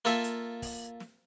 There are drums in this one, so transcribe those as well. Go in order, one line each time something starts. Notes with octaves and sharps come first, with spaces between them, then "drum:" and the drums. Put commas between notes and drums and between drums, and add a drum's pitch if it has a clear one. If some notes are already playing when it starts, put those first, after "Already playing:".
A#3 F4 A4 E5
drum: hi-hat
drum: kick, open hi-hat
drum: snare